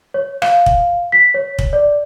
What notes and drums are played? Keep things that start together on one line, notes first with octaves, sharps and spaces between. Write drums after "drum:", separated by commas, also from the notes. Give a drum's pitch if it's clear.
C#5
F5, drum: rim click
drum: kick
B6
C#5
drum: kick
D5